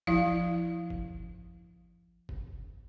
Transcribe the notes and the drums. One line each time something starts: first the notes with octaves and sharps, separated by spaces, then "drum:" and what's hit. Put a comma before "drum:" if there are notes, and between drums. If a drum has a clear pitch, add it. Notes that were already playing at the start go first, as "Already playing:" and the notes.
F3 E4 F5, drum: kick G1
drum: kick G1
drum: kick G1